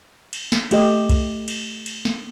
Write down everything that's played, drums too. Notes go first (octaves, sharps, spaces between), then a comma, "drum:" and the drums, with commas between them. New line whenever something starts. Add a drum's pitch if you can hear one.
drum: cymbal
drum: snare
A3 G4 D#5, drum: cymbal
drum: kick B1, cymbal
drum: cymbal
drum: cymbal
drum: snare